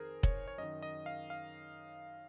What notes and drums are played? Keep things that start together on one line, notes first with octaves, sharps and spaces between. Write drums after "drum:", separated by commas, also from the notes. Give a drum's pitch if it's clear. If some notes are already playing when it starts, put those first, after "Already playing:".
Already playing: F2 D#3 G#4 A#4 C5
C#5, drum: kick
C#5
F#2 D#3 D#5
D#5
F5
F5